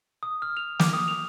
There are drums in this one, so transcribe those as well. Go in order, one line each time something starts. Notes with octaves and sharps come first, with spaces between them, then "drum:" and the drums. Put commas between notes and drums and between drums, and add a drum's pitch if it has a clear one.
D#6
F6
F7
D6, drum: snare
D#6
F7